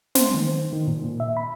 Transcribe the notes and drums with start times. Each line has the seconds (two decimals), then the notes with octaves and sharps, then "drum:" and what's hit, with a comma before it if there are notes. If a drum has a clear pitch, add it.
0.15 C5, drum: snare
0.34 D#3
0.73 D#3
0.88 A#2
1.04 A#2
1.20 E5
1.37 B5